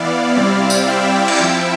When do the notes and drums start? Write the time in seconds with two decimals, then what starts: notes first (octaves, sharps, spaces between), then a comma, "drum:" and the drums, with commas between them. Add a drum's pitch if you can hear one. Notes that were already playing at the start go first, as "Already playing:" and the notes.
Already playing: E3 B3 E4 D5 F5
0.35 C3 G3 C4 E4
0.70 drum: tambourine
0.87 E5 G5
1.28 drum: cymbal
1.40 F3 C4 E4